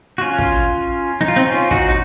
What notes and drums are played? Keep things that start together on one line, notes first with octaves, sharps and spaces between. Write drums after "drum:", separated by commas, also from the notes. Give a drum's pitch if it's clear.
F#4
C#4 F4
drum: kick
D#4, drum: snare
F4
C4 D#4
C#4 F4
D#4 F#4, drum: kick
D#4